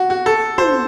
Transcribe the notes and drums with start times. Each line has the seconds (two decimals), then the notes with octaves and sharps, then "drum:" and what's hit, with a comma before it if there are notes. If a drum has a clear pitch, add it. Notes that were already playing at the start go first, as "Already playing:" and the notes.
Already playing: F#4
0.10 F#4
0.26 A4
0.58 C5, drum: tom